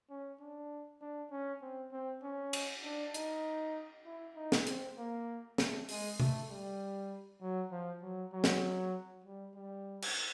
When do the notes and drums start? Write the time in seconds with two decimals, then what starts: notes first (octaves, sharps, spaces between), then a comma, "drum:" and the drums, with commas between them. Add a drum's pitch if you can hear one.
0.10 C#4
0.40 D4
1.01 D4
1.31 C#4
1.62 C4
1.92 C4
2.23 C#4
2.53 drum: cymbal
2.84 D4
3.14 D#4, drum: hi-hat
4.06 E4
4.36 D#4
4.52 drum: snare
4.67 C4, drum: hi-hat
4.97 A#3
5.58 A3, drum: snare
5.89 G#3, drum: open hi-hat
6.20 A3, drum: tom C3
6.50 G3
7.41 F#3
7.71 F3
8.02 F#3
8.33 F#3
8.44 drum: snare
9.25 G3
9.55 G3
10.02 drum: cymbal